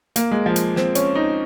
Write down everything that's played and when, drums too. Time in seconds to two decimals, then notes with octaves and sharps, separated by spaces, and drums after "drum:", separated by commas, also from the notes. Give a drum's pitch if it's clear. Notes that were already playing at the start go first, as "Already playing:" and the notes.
0.16 A#3, drum: hi-hat
0.31 G#3
0.46 F3
0.56 drum: hi-hat
0.76 C4, drum: snare
0.95 C#4, drum: hi-hat
1.15 D#4